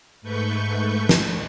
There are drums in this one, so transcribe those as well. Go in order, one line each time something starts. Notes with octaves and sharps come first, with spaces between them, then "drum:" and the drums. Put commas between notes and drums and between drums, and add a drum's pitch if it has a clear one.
G#2 A3 B4 C#6 G6
drum: snare